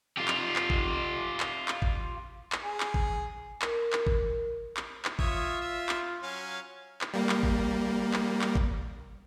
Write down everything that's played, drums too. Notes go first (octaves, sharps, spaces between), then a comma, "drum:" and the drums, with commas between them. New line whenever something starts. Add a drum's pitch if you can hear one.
F4 G4
drum: clap
drum: clap
drum: kick G#1
drum: clap
drum: clap
drum: kick G#1
drum: clap
G#4
drum: clap
drum: kick G#1
A#4, drum: clap
drum: clap
drum: kick G#1
drum: clap
drum: clap
F4 C#5 E5 D#6, drum: kick G#1
E5
drum: clap
F#3 C#4 F5
drum: clap
G3 A#3
drum: clap
drum: kick G#1
drum: clap
drum: clap
drum: kick G#1